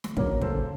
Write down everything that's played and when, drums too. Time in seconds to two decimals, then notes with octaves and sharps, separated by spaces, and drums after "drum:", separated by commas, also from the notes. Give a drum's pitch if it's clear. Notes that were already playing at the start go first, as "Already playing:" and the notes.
0.04 drum: snare
0.17 F#3 A#3 C#4 A#4 C#5, drum: kick
0.42 C#3 A4 C5, drum: kick